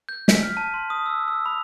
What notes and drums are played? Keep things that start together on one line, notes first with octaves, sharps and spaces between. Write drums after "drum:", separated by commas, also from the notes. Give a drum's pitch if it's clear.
G6
B6, drum: snare
F6
A5
C6
D#6
E6
E6
B5